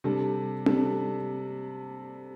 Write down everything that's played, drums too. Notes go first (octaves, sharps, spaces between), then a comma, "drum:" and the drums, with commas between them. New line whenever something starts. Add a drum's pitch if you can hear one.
C3 G3 D4 A4
C3 G3 D4 A4, drum: tom C4